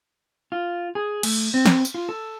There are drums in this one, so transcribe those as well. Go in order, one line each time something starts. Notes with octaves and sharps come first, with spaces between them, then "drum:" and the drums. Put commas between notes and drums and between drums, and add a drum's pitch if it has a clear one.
F4
G#4
A3, drum: cymbal
C4
drum: snare
drum: tambourine
F4
A4